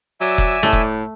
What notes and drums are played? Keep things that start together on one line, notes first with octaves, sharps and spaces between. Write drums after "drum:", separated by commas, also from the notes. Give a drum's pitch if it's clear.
F#3 D5 E5 G#5 E6
drum: kick F1
A2 A3
drum: kick F1